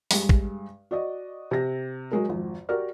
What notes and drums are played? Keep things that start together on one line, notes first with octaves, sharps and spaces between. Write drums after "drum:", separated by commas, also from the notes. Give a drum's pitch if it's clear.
G2 G#3, drum: open hi-hat
drum: kick
F#4 D5 D#5
C3 A#6
F#3 G#3 A#4
G#1 F2
F#4 G4 A#4 D5 F6